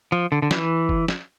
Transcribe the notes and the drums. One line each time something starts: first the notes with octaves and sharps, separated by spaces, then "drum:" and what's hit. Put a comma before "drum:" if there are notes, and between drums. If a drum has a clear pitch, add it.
F3
D3
D3
E3, drum: snare
drum: kick F#1
drum: snare